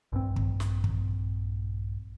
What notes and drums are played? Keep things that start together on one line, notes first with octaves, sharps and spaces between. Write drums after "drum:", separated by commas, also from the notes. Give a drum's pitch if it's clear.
A#1 G2 C4
drum: kick
drum: snare
drum: kick